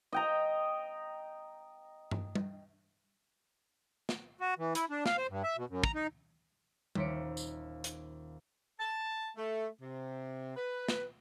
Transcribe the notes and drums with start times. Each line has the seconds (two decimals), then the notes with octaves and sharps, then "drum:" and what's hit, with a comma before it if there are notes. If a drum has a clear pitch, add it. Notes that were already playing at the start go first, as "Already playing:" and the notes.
0.12 D#5 G5 A#5
2.11 drum: tom G2
2.35 drum: tom G3
4.09 drum: snare
4.40 F#4
4.58 E3
4.75 E4, drum: hi-hat
4.90 D4
5.06 F5, drum: snare
5.18 C5
5.30 G2
5.44 E5
5.57 B2
5.70 F#2
5.84 A#5, drum: kick
5.95 D#4
6.95 D#1 D#2 C5 B6 C#7 D7, drum: tom G3
7.37 drum: tambourine
7.84 drum: hi-hat
8.79 A5
9.37 A3
9.82 C3
10.56 B4
10.88 drum: snare